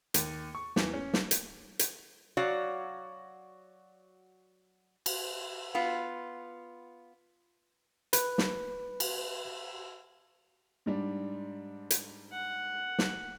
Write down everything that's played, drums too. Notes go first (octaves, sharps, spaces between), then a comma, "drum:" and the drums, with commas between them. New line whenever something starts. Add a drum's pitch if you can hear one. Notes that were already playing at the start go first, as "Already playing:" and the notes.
D#2, drum: hi-hat
C#6
E2, drum: snare
C#4
drum: snare
drum: hi-hat
drum: hi-hat
F#3 F#4 C#5 D5 F5
drum: cymbal
B3 F4
B4, drum: hi-hat
drum: snare
drum: cymbal
G#2 G3 D4
drum: hi-hat
F#5
drum: snare